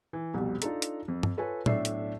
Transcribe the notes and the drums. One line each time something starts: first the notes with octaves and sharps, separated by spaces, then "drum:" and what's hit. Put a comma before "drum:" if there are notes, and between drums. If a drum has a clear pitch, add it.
E3
C2 F2 B2 G3
D4 D#4 F4 A4 A#5, drum: hi-hat
drum: hi-hat
F2
drum: tom G2
F4 A4 B4 C#5 G#5
B1 A2 D4 D5 E5 C7, drum: tom A#2
drum: hi-hat